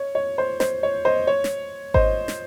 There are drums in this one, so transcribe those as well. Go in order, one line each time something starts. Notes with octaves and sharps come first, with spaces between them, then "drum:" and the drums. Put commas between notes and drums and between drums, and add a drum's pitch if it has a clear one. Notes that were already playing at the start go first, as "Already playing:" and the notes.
Already playing: C#5
C#5
C5
C5, drum: snare
C#5
C5 D#5
C#5
drum: snare
C5 D#5, drum: kick G#1
drum: snare